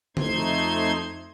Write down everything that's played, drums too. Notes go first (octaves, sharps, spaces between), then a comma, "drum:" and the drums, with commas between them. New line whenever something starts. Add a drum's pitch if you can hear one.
F2 A3 D#4 C5 C6 G#6, drum: tom C#3